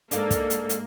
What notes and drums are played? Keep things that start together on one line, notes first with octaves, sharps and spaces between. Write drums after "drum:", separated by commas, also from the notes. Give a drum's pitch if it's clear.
G#2 A#3 D4 A4 F5, drum: hi-hat
drum: kick, hi-hat
drum: hi-hat
drum: hi-hat